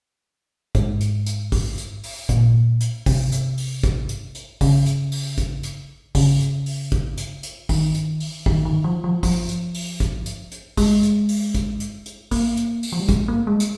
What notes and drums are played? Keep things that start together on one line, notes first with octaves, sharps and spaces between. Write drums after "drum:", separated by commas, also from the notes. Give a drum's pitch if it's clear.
G#2, drum: kick, hi-hat
drum: hi-hat
drum: hi-hat
drum: kick, open hi-hat
drum: hi-hat
drum: open hi-hat
A#2, drum: kick, hi-hat
drum: hi-hat
C3, drum: kick, open hi-hat
drum: hi-hat
drum: open hi-hat
drum: kick, hi-hat
drum: hi-hat
drum: hi-hat
C#3, drum: kick, open hi-hat
drum: hi-hat
drum: open hi-hat
drum: kick, hi-hat
drum: hi-hat
C#3, drum: kick, open hi-hat
drum: hi-hat
drum: open hi-hat
drum: kick, hi-hat
drum: hi-hat
drum: hi-hat
D#3, drum: kick, open hi-hat
drum: hi-hat
drum: open hi-hat
D#3, drum: kick
D#3
F3
F3
F3, drum: kick, open hi-hat
drum: hi-hat
drum: open hi-hat
drum: kick, hi-hat
drum: hi-hat
drum: hi-hat
G#3, drum: kick, open hi-hat
drum: hi-hat
drum: open hi-hat
drum: kick, hi-hat
drum: hi-hat
drum: hi-hat
A#3, drum: kick, open hi-hat
drum: hi-hat
drum: open hi-hat
F3
G3
G#3, drum: kick, hi-hat
A#3
G#3
drum: hi-hat